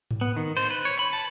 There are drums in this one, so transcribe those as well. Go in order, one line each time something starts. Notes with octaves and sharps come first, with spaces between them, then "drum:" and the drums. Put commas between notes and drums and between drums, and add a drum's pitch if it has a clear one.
drum: tom G#2
B3
D#3
C5, drum: cymbal
B4
C#5
B5
A5